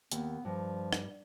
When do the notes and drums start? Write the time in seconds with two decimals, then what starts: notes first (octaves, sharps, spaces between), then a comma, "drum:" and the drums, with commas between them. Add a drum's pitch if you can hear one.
0.12 D#2 B3, drum: hi-hat
0.45 G2 F3
0.93 drum: rim click